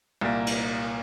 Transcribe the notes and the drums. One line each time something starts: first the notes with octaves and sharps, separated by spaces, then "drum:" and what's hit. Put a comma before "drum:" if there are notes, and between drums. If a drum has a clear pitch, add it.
C2 A#2 A#3
drum: cymbal